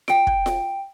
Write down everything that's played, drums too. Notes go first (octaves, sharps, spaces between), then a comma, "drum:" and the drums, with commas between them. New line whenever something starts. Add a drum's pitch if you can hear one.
G5 D7, drum: snare F4
drum: kick
drum: snare F4